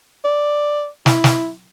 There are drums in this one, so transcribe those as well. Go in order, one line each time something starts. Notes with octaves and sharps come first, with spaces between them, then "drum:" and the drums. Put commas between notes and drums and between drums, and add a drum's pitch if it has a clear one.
D5
E4, drum: snare
drum: snare